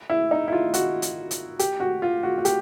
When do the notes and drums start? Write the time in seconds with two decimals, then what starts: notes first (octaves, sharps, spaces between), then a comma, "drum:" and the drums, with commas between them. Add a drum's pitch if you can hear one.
0.10 E4
0.31 D#4
0.48 E4
0.52 F4
0.74 F#4, drum: hi-hat
1.02 drum: hi-hat
1.31 drum: hi-hat
1.59 G4, drum: hi-hat
1.80 F#4
2.02 F4
2.23 F#4
2.38 F#4
2.45 G4, drum: hi-hat